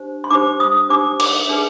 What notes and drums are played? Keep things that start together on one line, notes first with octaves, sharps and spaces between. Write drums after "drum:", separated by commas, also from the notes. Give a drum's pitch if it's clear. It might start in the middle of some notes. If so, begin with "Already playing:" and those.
Already playing: D4 G4 C5
C6
D4 G4 C5 D6
D#6
D4 G4 C5 D6
D6, drum: cymbal
D4 G#4 B4